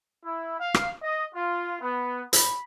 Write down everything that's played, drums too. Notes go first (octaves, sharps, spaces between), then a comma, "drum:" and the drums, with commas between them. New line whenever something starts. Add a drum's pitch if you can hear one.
E4
F5
drum: rim click
D#5
F4
B3
B5, drum: hi-hat